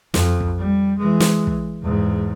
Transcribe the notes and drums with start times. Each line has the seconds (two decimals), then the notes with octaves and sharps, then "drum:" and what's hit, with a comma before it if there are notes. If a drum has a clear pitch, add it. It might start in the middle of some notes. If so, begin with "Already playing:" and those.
0.14 F2, drum: snare
0.41 drum: kick
0.58 G3
0.98 E3 G#3
1.20 drum: snare
1.47 drum: kick
1.82 E2 G#2